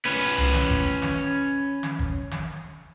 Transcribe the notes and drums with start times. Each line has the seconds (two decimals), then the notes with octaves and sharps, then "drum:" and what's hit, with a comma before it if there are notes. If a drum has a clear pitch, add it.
0.05 C#4 B4
0.37 drum: tom C2
0.54 drum: snare
0.70 drum: kick G1
1.02 drum: snare
1.83 drum: snare
1.99 drum: kick G1
2.31 drum: snare